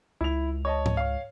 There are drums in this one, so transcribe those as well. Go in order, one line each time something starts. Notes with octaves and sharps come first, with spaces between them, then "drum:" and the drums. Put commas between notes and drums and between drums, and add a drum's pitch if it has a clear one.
C#2 E4 F7
C#5 D#5 A5
drum: tom G#2
C#5 F5